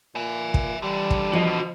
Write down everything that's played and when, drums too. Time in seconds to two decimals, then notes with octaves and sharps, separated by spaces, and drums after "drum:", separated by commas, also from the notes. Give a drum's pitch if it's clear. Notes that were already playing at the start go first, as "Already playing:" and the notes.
0.16 A#2 E5 G#5
0.54 drum: kick
0.82 D3 E3 G3
1.10 drum: kick
1.33 F3 F#4 D#5